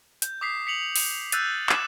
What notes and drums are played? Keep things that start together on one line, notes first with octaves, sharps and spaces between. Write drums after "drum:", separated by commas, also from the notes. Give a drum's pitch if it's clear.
G6, drum: hi-hat
D6 D#6 B6 C7
B6 C#7 F7 F#7
drum: open hi-hat
E6 F#6 G6 A6 D#7, drum: hi-hat
D6 E7, drum: clap